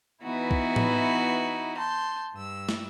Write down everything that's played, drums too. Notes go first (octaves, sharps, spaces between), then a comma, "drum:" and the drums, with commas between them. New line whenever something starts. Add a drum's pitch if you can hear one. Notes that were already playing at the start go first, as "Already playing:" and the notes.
E3 B3 D#4 E4 F#4
drum: kick
drum: tom A2
A5 C6 G6
G2 E6
drum: snare